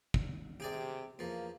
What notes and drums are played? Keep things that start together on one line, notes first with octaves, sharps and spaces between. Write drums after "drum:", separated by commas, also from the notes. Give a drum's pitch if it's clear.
drum: kick
C3 G4 G#4 D5
E2 F3 A#3